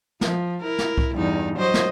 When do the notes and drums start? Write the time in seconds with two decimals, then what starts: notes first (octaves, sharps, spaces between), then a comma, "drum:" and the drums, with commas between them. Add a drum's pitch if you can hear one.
0.21 F3, drum: snare
0.62 E4 A#4
0.78 drum: snare
0.98 drum: kick C2
1.14 E2 G2 D#4
1.57 F#3 C5 D#5
1.74 drum: snare